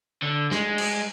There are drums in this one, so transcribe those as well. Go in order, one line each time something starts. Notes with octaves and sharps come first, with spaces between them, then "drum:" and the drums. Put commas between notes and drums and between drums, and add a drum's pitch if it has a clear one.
D3
G#3, drum: snare
drum: cymbal